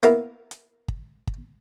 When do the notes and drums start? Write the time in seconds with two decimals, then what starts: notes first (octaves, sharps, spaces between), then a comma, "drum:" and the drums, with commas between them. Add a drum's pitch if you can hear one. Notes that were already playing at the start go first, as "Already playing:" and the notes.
0.03 A#3 B3 E4 A#4, drum: hi-hat
0.51 drum: hi-hat
0.88 drum: kick
1.27 drum: kick